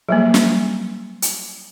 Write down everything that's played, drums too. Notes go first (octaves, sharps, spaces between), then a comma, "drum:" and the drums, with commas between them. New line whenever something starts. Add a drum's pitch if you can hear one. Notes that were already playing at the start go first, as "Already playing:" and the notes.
F#3 G3 A#3
drum: snare
drum: hi-hat